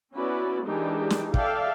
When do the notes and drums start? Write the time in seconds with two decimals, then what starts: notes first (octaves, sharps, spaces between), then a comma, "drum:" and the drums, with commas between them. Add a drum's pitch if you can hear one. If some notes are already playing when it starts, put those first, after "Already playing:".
0.15 B3 C#4 E4 F#4 B4 D5
0.65 E3 G#3 D4 D#4 G4 A#4
1.10 drum: snare
1.34 A4 D5 E5 F5 G5, drum: kick